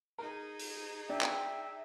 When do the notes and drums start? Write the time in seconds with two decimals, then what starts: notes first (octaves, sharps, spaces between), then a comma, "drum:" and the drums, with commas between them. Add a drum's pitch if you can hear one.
0.18 D#4 G#4 A#4
0.59 drum: open hi-hat
1.10 D4 E5 G5
1.21 drum: clap